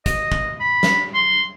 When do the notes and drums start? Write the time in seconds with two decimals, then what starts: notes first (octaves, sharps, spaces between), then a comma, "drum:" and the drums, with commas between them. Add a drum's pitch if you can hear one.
0.06 D#5, drum: kick, hi-hat
0.32 drum: kick
0.60 B5
0.83 drum: snare
1.14 C6